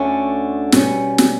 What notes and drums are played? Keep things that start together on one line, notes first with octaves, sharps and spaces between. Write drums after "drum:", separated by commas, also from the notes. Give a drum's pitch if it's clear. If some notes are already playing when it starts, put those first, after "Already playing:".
Already playing: D2 D3 A3 C#4
B2 G3 C#4, drum: snare
drum: snare